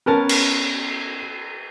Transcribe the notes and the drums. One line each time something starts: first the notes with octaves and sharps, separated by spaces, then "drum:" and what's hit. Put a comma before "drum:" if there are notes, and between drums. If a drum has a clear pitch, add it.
B3 C#4 A#4 A5
drum: cymbal